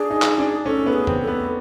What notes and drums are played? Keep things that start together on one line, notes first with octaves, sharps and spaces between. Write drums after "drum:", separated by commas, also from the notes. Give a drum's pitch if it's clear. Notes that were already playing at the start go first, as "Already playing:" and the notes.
Already playing: D4 G#4
D#4
drum: clap
D4
C#4 A4
B3
G#4
C4, drum: tom E2
A4
B3